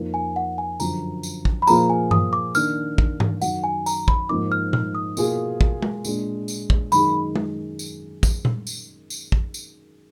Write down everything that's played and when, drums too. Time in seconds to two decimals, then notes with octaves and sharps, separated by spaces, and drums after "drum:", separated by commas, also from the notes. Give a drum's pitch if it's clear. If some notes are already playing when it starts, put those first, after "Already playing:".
Already playing: F2 F3 A#3 D#4
0.14 G#5
0.36 F#5
0.58 G#5
0.80 F#2 D3 F3 A#5, drum: tambourine
1.23 drum: tambourine
1.45 drum: kick
1.62 B5
1.67 A#2 F3 A#3 F4 G#4 A#5, drum: tambourine
1.89 G#5
2.11 D#6, drum: tom G2
2.33 D6
2.55 D#3 A#3 D4 F6, drum: tambourine
2.98 drum: kick
3.20 drum: tom G#2
3.42 F#2 D#3 F#3 F#5, drum: tambourine
3.64 G#5
3.86 A#5, drum: tambourine
4.08 B5, drum: kick
4.29 G#2 F3 A#3 D#4 D6
4.52 F6
4.73 F6, drum: tom A#2
4.95 D#6
5.17 B2 A#3 F4 G#4, drum: tambourine
5.61 drum: kick
5.82 drum: tom G#3
6.05 A#2 G#3 D4, drum: tambourine
6.48 drum: tambourine
6.70 drum: kick
6.92 F#2 D#3 G#3 D#4 G#4 B5, drum: tambourine
7.35 drum: tom G#3
7.79 drum: tambourine
8.23 drum: kick, tambourine
8.45 drum: tom A#2
8.67 drum: tambourine
9.10 drum: tambourine
9.32 drum: kick
9.54 drum: tambourine